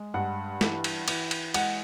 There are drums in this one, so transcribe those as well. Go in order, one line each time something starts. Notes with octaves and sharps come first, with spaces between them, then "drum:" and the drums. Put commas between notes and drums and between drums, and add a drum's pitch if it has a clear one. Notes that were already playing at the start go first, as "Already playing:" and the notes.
Already playing: G#3
G2 F#5
E3, drum: snare
drum: cymbal
E3, drum: cymbal
drum: cymbal
G#3 F#5, drum: cymbal